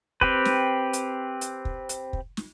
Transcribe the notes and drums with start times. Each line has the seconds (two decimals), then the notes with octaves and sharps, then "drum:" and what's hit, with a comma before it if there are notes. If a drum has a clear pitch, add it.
0.21 C4 G4 B4, drum: kick
0.45 drum: snare
0.93 drum: hi-hat
1.41 drum: hi-hat
1.65 drum: kick
1.89 drum: hi-hat
2.13 drum: kick
2.37 drum: snare